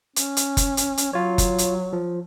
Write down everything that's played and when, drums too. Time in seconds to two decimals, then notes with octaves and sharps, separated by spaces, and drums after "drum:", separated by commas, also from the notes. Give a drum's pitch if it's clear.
0.16 C#4, drum: hi-hat
0.37 drum: hi-hat
0.57 drum: kick F#1, hi-hat
0.77 drum: hi-hat
0.97 drum: hi-hat
1.13 F#3 F4 C#5
1.38 drum: kick F#1, hi-hat
1.58 drum: hi-hat
1.93 F3